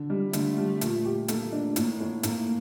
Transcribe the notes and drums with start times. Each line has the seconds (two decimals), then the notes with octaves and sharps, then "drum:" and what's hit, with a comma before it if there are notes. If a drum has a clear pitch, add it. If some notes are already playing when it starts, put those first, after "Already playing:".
Already playing: D3
0.10 G3
0.33 D3 A3, drum: hi-hat
0.58 G3
0.81 A#2, drum: hi-hat
1.05 G4
1.28 A3 A#3, drum: hi-hat
1.52 D4
1.76 A2 A#3, drum: hi-hat
2.00 A2
2.23 A2 A#3, drum: hi-hat